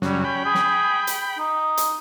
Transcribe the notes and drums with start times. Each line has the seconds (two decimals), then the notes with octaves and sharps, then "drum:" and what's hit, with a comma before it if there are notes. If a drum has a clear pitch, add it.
0.02 F#2 C#3 F#3 G3, drum: snare
0.24 C#4 G5 B5
0.45 G#4
0.55 drum: snare
1.07 drum: hi-hat
1.39 D#4
1.77 drum: hi-hat